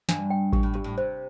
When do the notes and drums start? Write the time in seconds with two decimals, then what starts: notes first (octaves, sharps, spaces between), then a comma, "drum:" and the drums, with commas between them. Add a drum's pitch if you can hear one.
0.09 G2 D4, drum: snare
0.30 G5
0.53 A#2 G4, drum: kick G#1
0.63 A2
0.74 G2 G4
0.84 A2
0.98 C3 C5